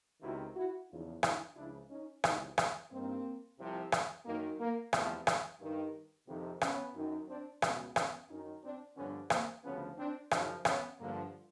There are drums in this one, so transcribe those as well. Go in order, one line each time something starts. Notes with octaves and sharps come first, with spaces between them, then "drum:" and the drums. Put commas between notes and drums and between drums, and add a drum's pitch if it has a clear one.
C#2 C3 D#3 E4 F#4
E4 F#4
E2 C#3 F3 D#4 F4
D4 E4, drum: rim click
C#2 C#3 F3 D4 E4
C#4 D#4
C#2 C3 E3 C#4 D#4, drum: rim click
drum: rim click
G2 D#3 A#3 C4
C2 C3 F3
drum: rim click
F#2 D#3 A#3
A#3
E2 C3 F3 A3 B3, drum: rim click
drum: rim click
G2 D#3
F2 C3 D#3
B3 C#4, drum: rim click
F#2 D#3
C4 D4
C#2 B2 B3 C#4, drum: rim click
B3 C#4, drum: rim click
F#2 D#3 C#4 D#4
C4 D4
G2 D3 F3 B3 C#4
A#3 C4, drum: rim click
D2 C#3 F3 B3 C#4
C4 D4
F#2 C#3 F3 C#4 D#4, drum: rim click
B3 C#4, drum: rim click
G2 D3 F3 A#3